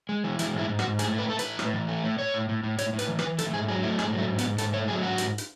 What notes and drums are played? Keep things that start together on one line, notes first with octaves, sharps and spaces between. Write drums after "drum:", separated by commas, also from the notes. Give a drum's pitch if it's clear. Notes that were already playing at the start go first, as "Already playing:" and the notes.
G#3
E3
G#3 E4, drum: hi-hat
G#2 E4
G#2
F#4, drum: rim click
G#2
A2 G#4, drum: hi-hat
A3 B4
A3 A4
A2 B4, drum: hi-hat
A2, drum: rim click
E3
A3
A2
A2 C#5
A2
A2
A2
A2 C#5, drum: hi-hat
A2
B4, drum: hi-hat
E3
B4, drum: rim click
E3
A3 A4, drum: hi-hat
G#2 G#4
F#3 G#4
A3 E4
G#2 G#4, drum: rim click
F#3 A3
G#2
B3, drum: hi-hat
G#2
G#2 A4, drum: hi-hat
A3 C#5
F#3 G#4
G#2 F#4
G#2, drum: hi-hat
drum: hi-hat